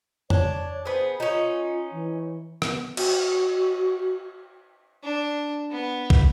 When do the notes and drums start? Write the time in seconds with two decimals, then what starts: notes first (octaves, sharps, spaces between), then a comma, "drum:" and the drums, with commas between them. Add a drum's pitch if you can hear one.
0.30 D4 C#5, drum: tom F2
0.85 B3 G#4 C5
1.20 C#4 D#4 F4
1.92 E3
2.62 B3, drum: rim click
2.97 F#4, drum: cymbal
5.03 D4
5.71 B3
6.10 drum: kick